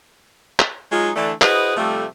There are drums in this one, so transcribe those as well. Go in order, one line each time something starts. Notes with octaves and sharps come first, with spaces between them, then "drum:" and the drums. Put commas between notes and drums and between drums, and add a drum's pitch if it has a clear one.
drum: clap
F#3 G#3 D#4 F4
D3 E3 A3 D4
E4 F#4 G#4 B4 C5 D#5, drum: clap
C3 F3 G3 A3